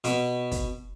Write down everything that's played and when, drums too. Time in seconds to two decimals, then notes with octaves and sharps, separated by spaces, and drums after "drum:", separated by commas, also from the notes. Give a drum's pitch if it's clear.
0.04 B2, drum: hi-hat
0.52 drum: kick, hi-hat